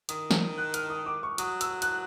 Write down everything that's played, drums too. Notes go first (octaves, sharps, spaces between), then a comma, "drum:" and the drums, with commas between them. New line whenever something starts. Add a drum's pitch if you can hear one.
D#3 D#6, drum: hi-hat
drum: snare
F#6
F6, drum: hi-hat
D#6
D6
C#6
F#3 D#6, drum: hi-hat
E6, drum: hi-hat
F#6, drum: hi-hat